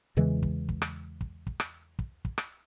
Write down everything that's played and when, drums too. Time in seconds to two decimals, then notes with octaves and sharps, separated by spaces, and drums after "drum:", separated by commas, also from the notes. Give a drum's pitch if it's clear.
0.17 E2 C#3 E3 G#3
0.43 drum: kick
0.69 drum: kick
0.82 drum: rim click
1.21 drum: kick
1.47 drum: kick
1.60 drum: rim click
1.99 drum: kick
2.25 drum: kick
2.38 drum: rim click